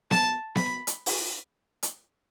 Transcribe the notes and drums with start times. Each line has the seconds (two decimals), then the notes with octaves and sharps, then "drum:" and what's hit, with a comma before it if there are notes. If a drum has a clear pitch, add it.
0.11 A5, drum: snare B3
0.56 B5, drum: snare B3
0.87 drum: hi-hat
1.06 drum: open hi-hat
1.83 drum: hi-hat